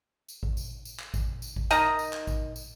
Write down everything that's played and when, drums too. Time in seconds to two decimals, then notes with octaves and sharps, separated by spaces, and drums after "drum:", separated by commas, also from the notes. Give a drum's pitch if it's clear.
0.29 drum: tambourine
0.43 drum: kick A1
0.57 drum: tambourine
0.85 drum: tambourine
1.00 drum: clap
1.14 drum: kick A1, tambourine
1.42 drum: tambourine
1.56 drum: kick A1
1.71 D#3 D#4 D#5 A#5, drum: tambourine
1.99 drum: tambourine
2.13 drum: clap
2.27 drum: kick A1, tambourine
2.56 drum: tambourine